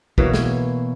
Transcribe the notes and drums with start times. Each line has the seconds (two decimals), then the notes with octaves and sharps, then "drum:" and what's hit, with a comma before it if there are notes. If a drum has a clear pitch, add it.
0.18 B2 E3 A#3 C#5, drum: kick
0.34 drum: snare